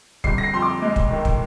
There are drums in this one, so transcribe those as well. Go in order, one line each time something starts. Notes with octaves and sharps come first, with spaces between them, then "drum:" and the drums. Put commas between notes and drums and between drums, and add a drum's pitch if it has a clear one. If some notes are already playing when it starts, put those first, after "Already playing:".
G1 C7, drum: kick
A#6
C7
F2 C6
D6
G#3
drum: kick
D#3
drum: kick